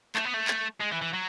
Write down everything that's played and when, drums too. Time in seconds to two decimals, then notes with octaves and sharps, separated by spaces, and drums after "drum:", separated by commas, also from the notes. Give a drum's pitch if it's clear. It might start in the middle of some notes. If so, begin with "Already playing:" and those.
0.15 A3, drum: clap
0.25 B3
0.34 A3
0.48 drum: clap
0.80 G#3
0.91 E3
1.02 E3
1.13 F#3